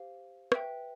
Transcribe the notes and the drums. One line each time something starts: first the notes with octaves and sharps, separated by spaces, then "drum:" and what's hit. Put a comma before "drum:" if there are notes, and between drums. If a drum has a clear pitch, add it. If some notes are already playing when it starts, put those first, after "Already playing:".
Already playing: G4 C5 F5
B4 E5 G5, drum: rim click